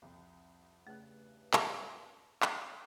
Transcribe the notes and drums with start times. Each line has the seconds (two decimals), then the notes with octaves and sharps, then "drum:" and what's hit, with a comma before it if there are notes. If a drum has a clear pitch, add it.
0.02 C2 F2
0.87 E2 G2 C#3 A3 F#6
1.53 drum: clap
2.42 drum: clap